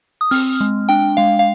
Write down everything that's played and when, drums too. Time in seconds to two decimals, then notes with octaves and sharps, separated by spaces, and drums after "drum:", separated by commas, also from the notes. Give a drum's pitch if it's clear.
0.21 D#6
0.31 C4 F6, drum: open hi-hat
0.61 G#3
0.89 D4 G5
1.17 G#3 F5
1.39 F5